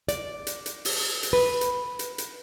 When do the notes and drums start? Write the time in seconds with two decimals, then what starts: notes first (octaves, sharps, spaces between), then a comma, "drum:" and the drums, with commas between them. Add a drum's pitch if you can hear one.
0.08 D5, drum: hi-hat
0.47 drum: hi-hat
0.66 drum: hi-hat
0.85 drum: open hi-hat
1.23 drum: hi-hat
1.33 B4
1.61 drum: hi-hat
1.99 drum: hi-hat
2.18 drum: hi-hat